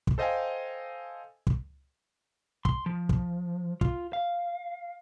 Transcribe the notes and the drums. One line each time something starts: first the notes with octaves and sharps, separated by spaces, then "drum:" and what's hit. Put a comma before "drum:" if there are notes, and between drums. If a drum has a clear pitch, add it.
drum: kick
A4 C5 D#5 F5 G5 G#5
drum: kick
C6, drum: kick
F3
drum: kick
F4, drum: kick
F5